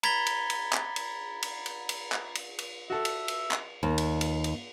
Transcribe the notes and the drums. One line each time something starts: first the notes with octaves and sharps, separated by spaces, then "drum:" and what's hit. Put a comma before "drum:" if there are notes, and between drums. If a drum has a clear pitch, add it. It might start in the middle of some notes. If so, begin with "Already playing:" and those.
A#5 B5 G#6 A6 B6 G7, drum: cymbal
drum: cymbal
drum: cymbal
drum: clap
drum: cymbal
drum: cymbal
drum: cymbal
drum: cymbal
drum: clap
drum: cymbal
drum: cymbal
F#4 A4 E5
drum: cymbal
drum: cymbal
drum: clap
D#2
drum: cymbal
drum: cymbal
drum: cymbal